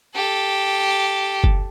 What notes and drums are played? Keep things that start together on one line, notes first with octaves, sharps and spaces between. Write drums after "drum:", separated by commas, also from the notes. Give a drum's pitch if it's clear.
G4 A4
drum: kick F#1